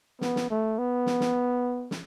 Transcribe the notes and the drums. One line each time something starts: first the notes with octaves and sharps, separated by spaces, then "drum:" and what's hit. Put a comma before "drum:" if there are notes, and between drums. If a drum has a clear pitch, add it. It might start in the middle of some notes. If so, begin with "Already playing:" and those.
B3, drum: snare
drum: snare
A3
B3
drum: snare
drum: snare
drum: snare